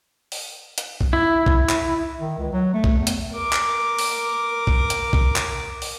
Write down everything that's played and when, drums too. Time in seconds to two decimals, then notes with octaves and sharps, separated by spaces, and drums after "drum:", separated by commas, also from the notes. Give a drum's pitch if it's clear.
0.32 drum: open hi-hat
0.78 drum: hi-hat
1.01 drum: kick
1.13 E4
1.46 drum: kick
1.69 drum: clap
2.20 D#3
2.38 C#2
2.52 F#3
2.74 A3
2.84 drum: kick
2.98 E2
3.07 drum: hi-hat
3.33 A#4 D6
3.53 drum: clap
3.98 drum: open hi-hat
4.67 drum: kick
4.90 drum: hi-hat
5.13 drum: kick
5.36 drum: clap
5.82 drum: open hi-hat